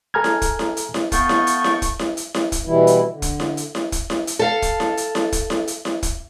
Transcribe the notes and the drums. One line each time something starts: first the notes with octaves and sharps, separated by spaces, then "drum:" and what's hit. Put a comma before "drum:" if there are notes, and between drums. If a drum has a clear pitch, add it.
G#4 A4 G#5 A#5 F6 G#6
drum: snare E4
drum: kick, hi-hat
drum: snare E4
drum: hi-hat
drum: snare E4
A3 B3 F5 G5 A5 C#6, drum: kick, hi-hat
drum: snare E4
drum: hi-hat
drum: snare E4
drum: kick, hi-hat
drum: snare E4
drum: hi-hat
drum: snare E4
drum: kick, hi-hat
B2 E3 G3 E4
drum: hi-hat
D3
drum: kick, hi-hat
drum: snare E4
drum: hi-hat
drum: snare E4
drum: kick, hi-hat
drum: snare E4
drum: hi-hat
A4 F5
drum: kick, hi-hat
drum: snare E4
drum: hi-hat
drum: snare E4
drum: kick, hi-hat
drum: snare E4
drum: hi-hat
drum: snare E4
drum: kick, hi-hat